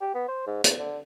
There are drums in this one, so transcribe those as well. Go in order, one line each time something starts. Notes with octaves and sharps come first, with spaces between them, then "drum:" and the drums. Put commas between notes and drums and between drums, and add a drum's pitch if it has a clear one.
G4
B3
C5
G#2
E2, drum: hi-hat
D3